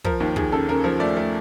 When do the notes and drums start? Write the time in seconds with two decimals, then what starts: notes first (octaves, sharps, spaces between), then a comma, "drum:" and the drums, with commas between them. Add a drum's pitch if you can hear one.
0.04 F3 A#4, drum: kick
0.20 D#2
0.36 D#2 G#4, drum: kick
0.52 C#3 A4
0.68 C#3 A#4
0.84 F3
1.00 A3 D5
1.17 A3